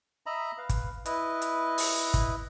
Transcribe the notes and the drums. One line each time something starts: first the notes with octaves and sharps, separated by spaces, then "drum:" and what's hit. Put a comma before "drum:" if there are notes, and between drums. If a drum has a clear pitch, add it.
D#5 E5 A#5 B5
B4 F5
drum: kick, hi-hat
E4 B4 D#5, drum: hi-hat
drum: hi-hat
drum: open hi-hat
drum: kick, hi-hat